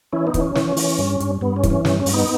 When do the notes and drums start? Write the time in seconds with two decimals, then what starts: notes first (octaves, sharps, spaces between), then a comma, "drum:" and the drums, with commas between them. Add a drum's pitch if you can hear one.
0.13 E3 C#4 E4
0.27 B3 D#4
0.34 E3, drum: kick, hi-hat
0.41 C#4
0.55 E3, drum: snare
0.77 E3, drum: open hi-hat
0.98 G2
1.20 G2, drum: hi-hat
1.41 G2 B3
1.56 C#4
1.63 E3, drum: kick, hi-hat
1.70 C#4
1.85 G2 C#4, drum: snare
2.00 C#4
2.06 G2, drum: open hi-hat
2.13 B3 D#4